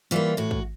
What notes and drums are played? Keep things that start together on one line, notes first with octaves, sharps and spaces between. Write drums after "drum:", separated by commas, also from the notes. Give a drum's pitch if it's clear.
E3 G3 A#3 F4
A2 F#4
drum: kick